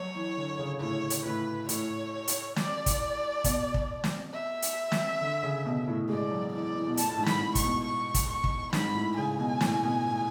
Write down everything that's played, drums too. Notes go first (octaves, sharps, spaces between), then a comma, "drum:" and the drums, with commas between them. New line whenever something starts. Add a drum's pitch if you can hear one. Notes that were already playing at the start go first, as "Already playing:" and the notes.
Already playing: F#3 C#5
E3
D3
C#3
A2 C#5
drum: hi-hat
A2 B4
A2 C#5, drum: hi-hat
drum: hi-hat
D5, drum: snare
drum: kick, hi-hat
B2, drum: kick, hi-hat
drum: kick
drum: snare
E5
drum: hi-hat
drum: snare
D3
C#3
B2
A2
G#3 D5
F#3
E3 D5
E3
B2
A2 A5, drum: hi-hat
A2
G#2
B5, drum: snare
A2
C#6, drum: kick, hi-hat
B2
C#6
drum: kick, hi-hat
C#6
drum: kick
G#2 B5, drum: snare
A2
C#3 G#5
B2
A2, drum: snare
B2
A2